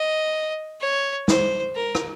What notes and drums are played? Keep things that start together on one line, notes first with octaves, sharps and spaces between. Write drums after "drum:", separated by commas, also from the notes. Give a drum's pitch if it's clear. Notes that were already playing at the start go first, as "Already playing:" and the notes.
Already playing: D#5
C#5
C5, drum: snare
A#4
drum: rim click